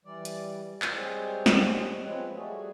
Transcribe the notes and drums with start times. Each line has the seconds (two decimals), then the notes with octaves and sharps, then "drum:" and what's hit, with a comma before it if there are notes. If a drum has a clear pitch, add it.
0.05 E3 G3 D5
0.25 drum: hi-hat
0.82 drum: clap
0.94 G3 G#3 C4 G#4 C5 C#5
1.46 drum: snare
2.05 F3 G#3 C4 B4 C#5
2.36 G3 A3 F#4 G#4